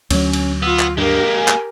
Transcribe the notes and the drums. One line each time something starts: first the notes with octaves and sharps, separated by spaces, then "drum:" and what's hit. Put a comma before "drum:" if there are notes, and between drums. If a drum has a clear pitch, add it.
D2 F#3 C#4, drum: cymbal
drum: cymbal
B3 F4 E6
drum: clap
G2 G#3 A#3 G4 A#4
G#5
drum: clap